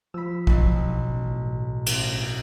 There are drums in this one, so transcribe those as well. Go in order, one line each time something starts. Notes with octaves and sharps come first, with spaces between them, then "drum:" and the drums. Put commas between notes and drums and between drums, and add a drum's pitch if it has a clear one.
F3 B5 E6
B1, drum: kick
A1
drum: cymbal